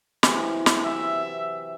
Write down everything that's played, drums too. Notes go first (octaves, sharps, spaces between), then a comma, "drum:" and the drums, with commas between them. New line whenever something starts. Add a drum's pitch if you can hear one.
C3 E3 F#3, drum: snare
drum: snare
E5